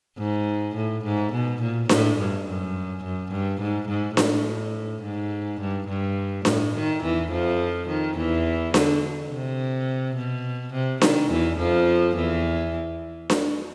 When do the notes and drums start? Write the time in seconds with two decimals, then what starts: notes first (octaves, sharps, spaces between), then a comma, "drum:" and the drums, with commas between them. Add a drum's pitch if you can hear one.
0.18 G#2
0.75 A2
1.04 G#2
1.32 B2
1.61 A#2
1.89 A2, drum: snare D4
2.18 G2
2.46 F#2
3.03 F#2
3.31 G2
3.61 G#2
3.88 G#2
4.17 A2, drum: snare D4
5.03 G#2
5.61 G2
5.88 G2
6.45 A2, drum: snare D4
6.75 D#3
7.03 E2 E3
7.32 F2 F3
7.88 D#3
8.17 E2 E3
8.74 D3, drum: snare D4
9.31 C3
10.16 B2
10.73 C3
11.01 D#3, drum: snare D4
11.30 E2 E3
11.58 F2 F3
12.16 E2 E3
13.30 drum: snare D4